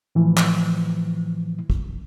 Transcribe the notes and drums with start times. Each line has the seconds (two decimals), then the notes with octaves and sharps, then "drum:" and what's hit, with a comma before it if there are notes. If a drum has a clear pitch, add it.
0.15 A2 E3 F3
0.37 drum: clap
1.70 drum: kick